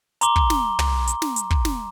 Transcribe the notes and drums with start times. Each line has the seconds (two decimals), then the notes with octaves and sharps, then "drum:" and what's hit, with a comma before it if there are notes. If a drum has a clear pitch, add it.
0.21 A#5 C6 D6 G7, drum: hi-hat
0.36 drum: kick
0.50 drum: snare
0.79 drum: tom
1.07 drum: hi-hat
1.22 drum: snare
1.36 drum: hi-hat
1.50 drum: kick
1.65 drum: snare